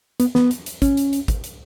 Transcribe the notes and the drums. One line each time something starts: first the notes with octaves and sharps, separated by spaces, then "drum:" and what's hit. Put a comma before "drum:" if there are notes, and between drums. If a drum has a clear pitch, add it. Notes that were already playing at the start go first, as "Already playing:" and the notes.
B3, drum: hi-hat
B3, drum: snare
drum: hi-hat
drum: hi-hat
C#4, drum: kick, hi-hat
drum: hi-hat
drum: hi-hat
drum: kick, hi-hat
drum: hi-hat